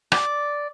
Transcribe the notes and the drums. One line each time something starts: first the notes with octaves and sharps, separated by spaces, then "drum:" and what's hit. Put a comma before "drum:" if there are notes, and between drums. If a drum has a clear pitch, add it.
D5, drum: rim click